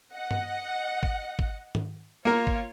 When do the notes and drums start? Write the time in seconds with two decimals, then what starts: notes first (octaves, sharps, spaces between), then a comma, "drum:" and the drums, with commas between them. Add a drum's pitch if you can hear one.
0.13 D#5 F#5
0.31 drum: tom G2
1.03 drum: kick
1.39 drum: kick
1.75 drum: tom
2.25 A#3 F4 A#4 C#5
2.47 drum: kick